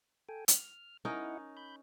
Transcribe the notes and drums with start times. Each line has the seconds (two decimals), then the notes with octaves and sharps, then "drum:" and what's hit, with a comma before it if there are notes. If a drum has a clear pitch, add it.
0.29 A4 G5 G#5
0.48 F6, drum: hi-hat
1.05 C#4 D#4 E4 A#4 D#5 F#5
1.57 B5 G6